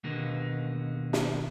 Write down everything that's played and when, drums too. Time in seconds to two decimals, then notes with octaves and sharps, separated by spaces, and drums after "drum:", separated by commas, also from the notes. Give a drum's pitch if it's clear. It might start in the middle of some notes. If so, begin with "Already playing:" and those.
0.04 D#2 B2 D3 D#3 A#3 B3
1.13 drum: snare